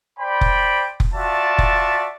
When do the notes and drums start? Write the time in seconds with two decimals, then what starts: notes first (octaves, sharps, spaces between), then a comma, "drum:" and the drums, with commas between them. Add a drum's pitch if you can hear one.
0.19 C5 D5 G5 B5
0.41 drum: kick F1
1.00 drum: kick F1
1.15 F4 F#4 D5 E5 A5
1.58 drum: kick F1